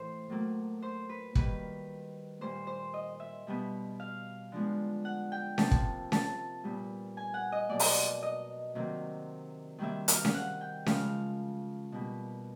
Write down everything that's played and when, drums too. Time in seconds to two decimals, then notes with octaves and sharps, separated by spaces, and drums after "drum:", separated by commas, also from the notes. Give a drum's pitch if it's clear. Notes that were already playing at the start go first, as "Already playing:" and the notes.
Already playing: A2 E3 A3 C5
0.30 A2 F#3 A#3
0.82 C5
1.09 B4
1.35 D#3 G3 A#3 B4, drum: kick
2.41 A#2 G3 A#3 C5
2.67 C5
2.94 D#5
3.20 E5
3.47 B2 G3 B3
4.00 F5
4.52 D3 F3 G#3 B3
5.05 F#5
5.32 G5
5.58 C3 F3 A#3 A5, drum: snare C#4
5.71 drum: kick
6.12 A5, drum: snare C#4
6.64 A#2 G3 B3
7.17 G#5
7.34 F#5
7.52 D#5
7.69 B2 F#3 A#3 D5
7.79 drum: open hi-hat
8.23 D#5
8.75 C3 D#3 F#3 A#3
9.79 C3 D#3 G3 A#3 E5
10.08 F5, drum: hi-hat
10.25 drum: snare C#4
10.34 F#5
10.61 G5
10.86 C#3 F3 G#3 F5, drum: snare C#4
11.92 B2 G3 A#3